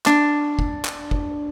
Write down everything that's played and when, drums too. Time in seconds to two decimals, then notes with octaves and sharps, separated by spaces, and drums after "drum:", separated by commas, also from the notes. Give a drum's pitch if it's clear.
0.06 D4, drum: clap
0.59 drum: kick
0.85 drum: clap
1.11 drum: kick